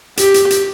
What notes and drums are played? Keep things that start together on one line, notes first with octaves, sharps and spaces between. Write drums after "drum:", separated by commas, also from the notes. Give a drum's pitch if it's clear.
G4, drum: hi-hat
drum: hi-hat
drum: hi-hat